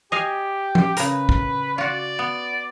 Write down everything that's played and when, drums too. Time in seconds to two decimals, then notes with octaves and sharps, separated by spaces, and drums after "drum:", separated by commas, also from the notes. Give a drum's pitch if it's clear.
0.12 G4 D#5 F5 G#5
0.75 drum: tom F3
0.97 C#3 A#4 B4, drum: hi-hat
1.29 drum: kick
1.78 F4 F#4 D5
2.19 B3